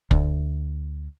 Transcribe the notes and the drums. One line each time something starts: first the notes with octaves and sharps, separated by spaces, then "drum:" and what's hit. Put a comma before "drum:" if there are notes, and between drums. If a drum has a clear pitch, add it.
D2, drum: kick